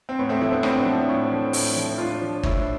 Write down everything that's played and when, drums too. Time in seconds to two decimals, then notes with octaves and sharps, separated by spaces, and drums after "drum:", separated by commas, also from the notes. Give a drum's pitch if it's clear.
0.09 C4
0.19 A2 B3
0.29 A3 C4
0.41 F3 C4 E4
0.52 B3 D4
0.63 A2 C4 E4, drum: rim click
0.79 B3 D4
0.86 F3
1.09 A2
1.31 F3
1.53 A2, drum: open hi-hat
1.76 F3
1.98 A2 D4 F4
2.22 F3
2.43 A2 E4, drum: kick
2.58 D4